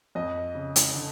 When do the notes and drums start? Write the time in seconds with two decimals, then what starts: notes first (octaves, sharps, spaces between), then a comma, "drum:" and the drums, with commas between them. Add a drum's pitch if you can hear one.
0.15 F2 D#5
0.55 C#3
0.76 drum: hi-hat
0.94 D3